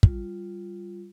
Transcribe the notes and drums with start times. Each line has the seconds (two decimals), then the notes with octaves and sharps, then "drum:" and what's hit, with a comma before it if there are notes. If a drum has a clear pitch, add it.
0.03 G3 F4, drum: kick